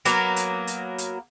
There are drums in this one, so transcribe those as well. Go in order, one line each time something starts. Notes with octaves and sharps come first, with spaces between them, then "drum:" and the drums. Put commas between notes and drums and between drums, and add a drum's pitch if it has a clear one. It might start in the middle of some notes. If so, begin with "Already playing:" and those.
F#3 A#3 B3, drum: hi-hat
drum: hi-hat
drum: hi-hat
drum: hi-hat